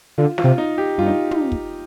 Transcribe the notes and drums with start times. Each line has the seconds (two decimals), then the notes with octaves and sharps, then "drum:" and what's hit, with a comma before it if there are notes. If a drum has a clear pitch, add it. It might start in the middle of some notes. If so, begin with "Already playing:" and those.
0.18 D3 F4
0.38 F4, drum: snare
0.44 C3
0.58 D#4
0.78 G4
0.98 G2 F4
1.06 D#4
1.31 drum: tom
1.52 drum: kick